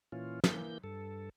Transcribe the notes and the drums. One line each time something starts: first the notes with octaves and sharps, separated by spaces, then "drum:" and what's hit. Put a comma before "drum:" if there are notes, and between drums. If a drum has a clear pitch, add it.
A#2 E3 C#4 F4
E3 A#3 G6, drum: snare
G2 A4